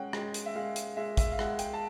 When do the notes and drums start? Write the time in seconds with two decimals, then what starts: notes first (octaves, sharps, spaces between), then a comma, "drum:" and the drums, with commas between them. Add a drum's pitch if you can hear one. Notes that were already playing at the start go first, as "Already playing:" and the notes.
Already playing: G#3 C#4 F#5 G5
0.13 G#3, drum: rim click
0.34 drum: hi-hat
0.46 E5
0.55 G#3 F5
0.76 drum: hi-hat
0.97 G#3 E5
1.17 E5, drum: kick, hi-hat
1.32 F5
1.39 G#3 F#5, drum: rim click
1.59 G5, drum: hi-hat
1.73 A5